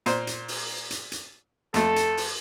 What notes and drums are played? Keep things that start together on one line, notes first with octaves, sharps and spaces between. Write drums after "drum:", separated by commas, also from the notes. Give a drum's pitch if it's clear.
A#2 C5 C6, drum: hi-hat
drum: hi-hat
drum: open hi-hat
drum: hi-hat
drum: hi-hat
F2 A3 A4, drum: hi-hat
drum: hi-hat
drum: open hi-hat